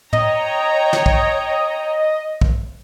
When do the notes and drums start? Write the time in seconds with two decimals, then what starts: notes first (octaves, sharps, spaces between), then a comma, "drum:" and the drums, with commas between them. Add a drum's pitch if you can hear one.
0.13 C#5 D#5 G5 A#5, drum: tom
0.93 drum: snare
1.06 drum: kick
2.41 drum: kick